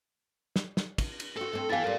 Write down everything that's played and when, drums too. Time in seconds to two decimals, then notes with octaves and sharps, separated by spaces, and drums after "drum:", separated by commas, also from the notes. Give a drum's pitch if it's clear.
0.56 drum: snare
0.77 drum: snare
0.98 drum: kick, cymbal
1.20 drum: cymbal
1.36 C4 F#4 A4
1.53 A3 C4
1.70 B3 E4 G4 F5 G#5 A6
1.84 G3 C4 A#4 D5